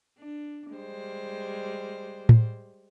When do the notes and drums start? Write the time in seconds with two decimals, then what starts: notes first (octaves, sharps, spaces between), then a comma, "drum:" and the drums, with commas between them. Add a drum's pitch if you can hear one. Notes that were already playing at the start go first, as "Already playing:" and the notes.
0.19 D4
0.72 G3 G#3 C5
2.29 drum: tom A2